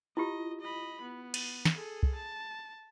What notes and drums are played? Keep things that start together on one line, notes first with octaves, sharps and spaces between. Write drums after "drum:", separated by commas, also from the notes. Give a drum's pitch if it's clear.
E4 F4 G4 D#5
D#5 B5
B3
drum: cymbal
drum: snare
G#4 A4
drum: kick
A5